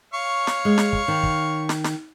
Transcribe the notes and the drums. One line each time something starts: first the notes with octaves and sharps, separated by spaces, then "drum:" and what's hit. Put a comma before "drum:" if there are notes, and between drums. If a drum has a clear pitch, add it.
C#5 F5 C#6
drum: snare
G#3
drum: snare
drum: kick
D#3
drum: kick
drum: snare
drum: snare